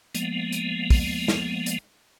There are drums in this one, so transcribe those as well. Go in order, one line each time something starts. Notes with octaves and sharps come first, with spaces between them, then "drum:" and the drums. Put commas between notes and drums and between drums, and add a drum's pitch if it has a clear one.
F3 G#3 A#3 B3, drum: hi-hat
drum: hi-hat
drum: kick, open hi-hat
drum: snare
drum: hi-hat